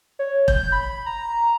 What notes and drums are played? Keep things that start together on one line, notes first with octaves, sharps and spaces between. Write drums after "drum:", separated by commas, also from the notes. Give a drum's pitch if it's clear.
C#5
G6, drum: kick E1
B5
A#5